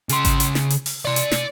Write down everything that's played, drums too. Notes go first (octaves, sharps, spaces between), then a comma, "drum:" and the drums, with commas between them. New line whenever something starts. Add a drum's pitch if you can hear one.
C#3 C6, drum: hi-hat
drum: kick G#1, hi-hat
drum: hi-hat
drum: snare
drum: hi-hat
drum: open hi-hat
D5 C6
drum: hi-hat
drum: snare